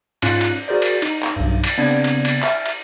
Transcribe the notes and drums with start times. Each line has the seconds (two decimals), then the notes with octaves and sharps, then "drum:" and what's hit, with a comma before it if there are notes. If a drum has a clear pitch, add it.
0.22 G#2 C#4 F4 F#6 C#7, drum: cymbal
0.41 drum: cymbal
0.68 F#4 G#4 A#4 C5 D5
0.82 drum: cymbal
1.02 D#4, drum: cymbal
1.23 drum: clap
1.36 B1 G2
1.64 drum: cymbal
1.77 C#3 B3 C4 D4 D5 G#6
2.04 drum: cymbal
2.25 drum: cymbal
2.43 E5 G#5 F6 A6, drum: clap
2.66 drum: cymbal